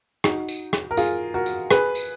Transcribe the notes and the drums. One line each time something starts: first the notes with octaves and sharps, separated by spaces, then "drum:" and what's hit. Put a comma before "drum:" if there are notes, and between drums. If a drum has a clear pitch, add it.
D#4 F#4, drum: rim click
drum: tambourine
drum: rim click
A#4
F4 G#4, drum: tambourine
F#4 A#4
drum: tambourine
G#4 B4, drum: rim click
drum: tambourine